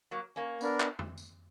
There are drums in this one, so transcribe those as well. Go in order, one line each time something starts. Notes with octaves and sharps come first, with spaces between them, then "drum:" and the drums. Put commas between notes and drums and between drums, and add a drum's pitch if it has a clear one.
F#3 A#3
A#3 C#4
B3 D4 A#4, drum: tambourine
drum: clap
drum: tom F2
drum: tambourine